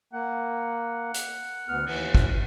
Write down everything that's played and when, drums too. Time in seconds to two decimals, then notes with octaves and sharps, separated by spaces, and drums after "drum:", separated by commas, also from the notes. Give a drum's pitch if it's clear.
0.13 A#3 F#5
1.14 drum: hi-hat
1.68 D2 B3 F6
1.86 D#2 E3, drum: cymbal
2.15 drum: kick